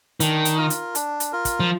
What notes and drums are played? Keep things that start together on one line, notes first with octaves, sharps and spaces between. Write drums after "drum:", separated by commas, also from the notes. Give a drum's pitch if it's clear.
D#3 D4, drum: hi-hat
drum: hi-hat
F4 A#4
drum: hi-hat
D4, drum: hi-hat
drum: hi-hat
F4 A#4
drum: kick, hi-hat
F3